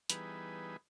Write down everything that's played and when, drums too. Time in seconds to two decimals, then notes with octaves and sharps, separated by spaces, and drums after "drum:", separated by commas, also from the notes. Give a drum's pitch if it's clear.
0.10 E3 G3 B3 D#4 G#4 B4, drum: hi-hat